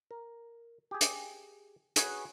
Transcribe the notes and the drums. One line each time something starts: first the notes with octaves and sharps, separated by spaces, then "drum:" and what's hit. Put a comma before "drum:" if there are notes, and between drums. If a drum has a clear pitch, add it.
A#4
G4 G#4
drum: hi-hat
F#4 G#4 B4 C#5 F#5, drum: hi-hat